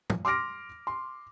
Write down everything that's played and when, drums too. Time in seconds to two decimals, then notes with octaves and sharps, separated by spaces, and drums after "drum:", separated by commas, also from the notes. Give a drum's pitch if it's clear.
0.10 drum: tom
0.25 C6 D6 F6 A#6 D7
0.87 C6